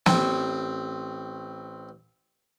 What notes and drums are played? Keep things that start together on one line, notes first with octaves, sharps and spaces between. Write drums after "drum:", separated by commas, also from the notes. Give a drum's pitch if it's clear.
A1 C4, drum: snare